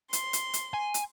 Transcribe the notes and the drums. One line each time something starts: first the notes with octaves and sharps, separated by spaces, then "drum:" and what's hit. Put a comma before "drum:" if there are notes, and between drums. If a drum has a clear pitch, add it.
C6, drum: hi-hat
drum: hi-hat
drum: hi-hat
G#5
drum: hi-hat